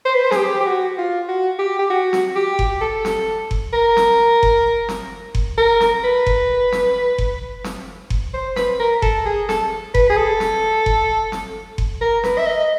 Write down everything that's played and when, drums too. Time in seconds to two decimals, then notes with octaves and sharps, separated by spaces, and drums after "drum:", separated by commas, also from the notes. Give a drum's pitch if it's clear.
0.06 C5
0.14 B4
0.24 C5
0.31 G#4, drum: snare
0.36 G4
0.60 G4
0.67 F#4
0.98 F4
1.28 F#4
1.59 G4
1.79 G4
1.90 F#4
2.13 drum: snare
2.36 G4
2.59 drum: kick F#1
2.81 A4
3.05 drum: snare
3.51 drum: kick F#1
3.73 A#4
3.97 drum: snare
4.43 drum: kick F#1
4.89 drum: snare
5.35 drum: kick F#1
5.58 A#4
5.81 drum: snare
6.04 B4
6.26 drum: kick F#1
6.72 drum: snare
7.18 drum: kick F#1
7.64 drum: snare
8.10 drum: kick F#1
8.34 C5
8.56 B4, drum: snare
8.80 A#4
9.02 A4, drum: kick F#1
9.25 G#4
9.49 A4, drum: snare
9.95 B4, drum: kick F#1
10.10 G#4
10.17 A4
10.40 drum: snare
10.86 drum: kick F#1
11.32 drum: snare
11.78 drum: kick F#1
12.01 A#4
12.24 B4, drum: snare
12.38 E5
12.47 D#5